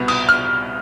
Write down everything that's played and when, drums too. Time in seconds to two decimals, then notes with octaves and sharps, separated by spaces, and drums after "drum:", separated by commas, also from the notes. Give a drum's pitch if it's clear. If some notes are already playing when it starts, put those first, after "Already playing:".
Already playing: C2 B2 B3
0.08 D#6, drum: cymbal
0.29 F6